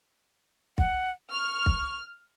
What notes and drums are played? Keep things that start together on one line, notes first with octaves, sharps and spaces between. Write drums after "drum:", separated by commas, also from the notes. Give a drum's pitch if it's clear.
F#5, drum: kick
C#6 F6
drum: kick